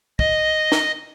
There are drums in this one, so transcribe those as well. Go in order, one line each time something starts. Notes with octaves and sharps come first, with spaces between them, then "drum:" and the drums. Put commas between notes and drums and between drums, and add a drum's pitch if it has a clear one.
D#5, drum: kick
drum: snare